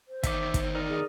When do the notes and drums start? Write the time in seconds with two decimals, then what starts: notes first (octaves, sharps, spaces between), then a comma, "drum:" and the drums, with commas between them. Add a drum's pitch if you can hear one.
0.08 C5
0.23 E2 D#3 E5 D6, drum: kick, hi-hat
0.54 drum: kick, hi-hat
0.75 D#4 A#4 D5
0.88 G#4